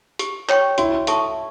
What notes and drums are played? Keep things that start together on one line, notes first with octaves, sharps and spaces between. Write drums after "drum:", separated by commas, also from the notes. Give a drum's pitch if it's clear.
G4, drum: hi-hat
C#5 G5 C#6, drum: clap
E4 F#4, drum: hi-hat
A4 E5 A5 C#6, drum: hi-hat